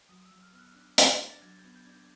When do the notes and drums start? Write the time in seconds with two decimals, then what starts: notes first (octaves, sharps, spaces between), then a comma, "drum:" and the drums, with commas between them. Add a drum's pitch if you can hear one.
0.09 F#3 D#6
0.20 D#6
0.26 E6
0.31 F#3
0.42 F6
0.53 B3 F6
0.59 F#6
0.68 F6
0.75 D4 F#6
0.98 D4, drum: hi-hat
1.09 A#6
1.19 D4
1.26 A6
1.42 F#3 G#6
1.59 G6
1.64 B3
1.76 G6
1.84 D4 G#6
1.92 G6